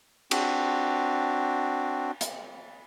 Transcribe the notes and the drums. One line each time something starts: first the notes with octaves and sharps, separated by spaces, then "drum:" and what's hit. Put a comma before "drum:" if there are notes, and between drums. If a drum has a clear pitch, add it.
C4 D4 F#4, drum: cymbal
drum: hi-hat